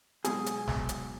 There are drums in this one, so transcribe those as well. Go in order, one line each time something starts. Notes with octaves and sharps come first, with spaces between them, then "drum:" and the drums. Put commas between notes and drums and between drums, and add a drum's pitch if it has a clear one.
B1 B2 G#3 G#4, drum: hi-hat
drum: hi-hat
drum: snare
drum: hi-hat